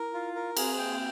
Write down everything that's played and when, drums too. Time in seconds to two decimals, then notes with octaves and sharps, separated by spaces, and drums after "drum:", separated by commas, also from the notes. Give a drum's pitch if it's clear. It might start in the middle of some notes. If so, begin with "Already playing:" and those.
Already playing: E4 A#4
0.14 F4
0.36 A#4
0.57 C4 G#4, drum: cymbal
0.78 A#3 G5